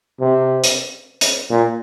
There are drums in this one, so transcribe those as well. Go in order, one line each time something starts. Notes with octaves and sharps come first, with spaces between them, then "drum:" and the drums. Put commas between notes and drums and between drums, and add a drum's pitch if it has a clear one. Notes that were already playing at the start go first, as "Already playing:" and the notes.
C3
drum: hi-hat
drum: hi-hat
A#2